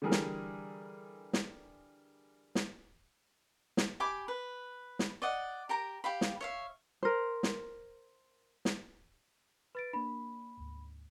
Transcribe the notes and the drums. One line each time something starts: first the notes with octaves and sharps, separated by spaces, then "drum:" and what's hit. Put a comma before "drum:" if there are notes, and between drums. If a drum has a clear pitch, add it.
D3 E3 G3 G#4 A#4
drum: snare
drum: snare
drum: snare
drum: snare
G4 G#5 B5 D6
B4
drum: snare
D5 D#5 F#5
G4 A#4 A#5
G4 F5 B5
drum: snare
C#5 E5 F5
A#4 C5
drum: snare
drum: snare
B4 B5 A6 D7
A#3 D4 B5
D2 G#2